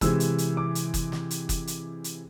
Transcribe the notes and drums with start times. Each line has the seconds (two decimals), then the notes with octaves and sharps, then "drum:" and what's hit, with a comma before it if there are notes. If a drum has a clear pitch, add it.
0.01 C3 E3 G#3 E6, drum: kick F#1, hi-hat
0.20 drum: hi-hat
0.38 drum: hi-hat
0.57 D6
0.75 drum: hi-hat
0.94 drum: kick F#1, hi-hat
1.12 drum: snare
1.31 drum: hi-hat
1.49 drum: kick F#1, hi-hat
1.67 drum: hi-hat
2.04 drum: hi-hat